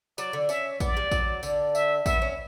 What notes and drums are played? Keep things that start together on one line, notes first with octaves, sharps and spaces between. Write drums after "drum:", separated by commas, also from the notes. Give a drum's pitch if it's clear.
F#3 D5, drum: tambourine
D3
C#4 E5, drum: tambourine
B3 D5, drum: kick A1, tambourine
G3
F#3, drum: kick A1, tambourine
D3, drum: tambourine
E5, drum: tambourine
B3 E5, drum: kick A1, tambourine
C#4